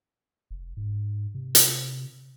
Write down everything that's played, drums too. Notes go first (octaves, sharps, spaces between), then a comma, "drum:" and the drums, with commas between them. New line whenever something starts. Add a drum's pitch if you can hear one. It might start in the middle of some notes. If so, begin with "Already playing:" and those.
F1
G#2
C3
drum: hi-hat